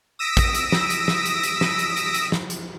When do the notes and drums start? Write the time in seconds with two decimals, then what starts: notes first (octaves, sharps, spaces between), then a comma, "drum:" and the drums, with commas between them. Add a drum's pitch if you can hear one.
0.19 D#6 E6 A#6 B6 D7
0.37 drum: kick, hi-hat
0.55 drum: hi-hat
0.72 drum: snare
0.90 drum: hi-hat
1.08 drum: snare
1.26 drum: hi-hat
1.43 drum: hi-hat
1.61 drum: snare
1.79 drum: hi-hat
1.97 drum: hi-hat
2.14 drum: hi-hat
2.32 drum: snare
2.50 drum: hi-hat